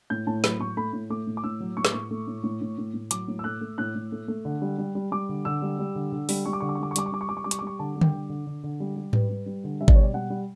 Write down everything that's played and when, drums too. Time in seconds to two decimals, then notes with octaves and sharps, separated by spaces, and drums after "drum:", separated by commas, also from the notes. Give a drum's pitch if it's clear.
0.10 A2 G6
0.27 A2 A5
0.44 F#3 B5, drum: snare
0.60 A2 C#6
0.77 A3 B5
0.93 A2
1.10 A3 D6
1.27 A2
1.37 D6
1.44 A2 E6
1.60 F#3
1.77 A2 C#6
1.85 D6, drum: snare
1.92 A2 C#6
2.11 A3
2.27 A2
2.44 A2
2.61 A2
2.78 A2
2.94 A2
3.11 F#3 D6, drum: hi-hat
3.28 A2
3.39 E6
3.44 A3 F#6
3.61 A3
3.78 A2 F#6
3.95 A2
4.12 A3
4.28 A3
4.45 D3
4.62 G3
4.78 G3
4.95 G3
5.12 G3 D6
5.29 D3
5.45 D3 E6
5.62 G3
5.79 G3
5.95 D3
6.12 D3
6.29 G3, drum: open hi-hat
6.46 G3 C#6
6.53 D6
6.60 D3 C#6
6.69 D6
6.75 C#6
6.79 G3 D6
6.91 C#6
6.96 G3 D6, drum: hi-hat
7.06 C#6
7.12 G3 D6
7.21 C#6
7.29 G3 D6
7.37 C#6
7.44 G3 D6
7.51 C#6, drum: hi-hat
7.59 D6
7.62 G3 C#6
7.79 D3 A5
7.96 G3
8.01 G5, drum: tom D3
8.12 D3
8.29 D3
8.46 D3
8.64 D3
8.80 G3
8.96 G3
9.13 G3 B4, drum: tom G#2
9.29 G3
9.46 G3
9.64 D3
9.81 G3 E5
9.88 D5, drum: kick G#1
9.96 B2 C#5
10.03 D5
10.14 G3 F#5
10.30 G3